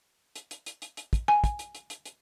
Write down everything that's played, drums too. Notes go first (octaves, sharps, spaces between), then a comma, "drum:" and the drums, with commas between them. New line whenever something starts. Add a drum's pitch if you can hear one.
drum: hi-hat
drum: hi-hat
drum: hi-hat
drum: hi-hat
drum: hi-hat
drum: kick, hi-hat
G#5, drum: rim click
drum: kick, hi-hat
drum: hi-hat
drum: hi-hat
drum: hi-hat
drum: hi-hat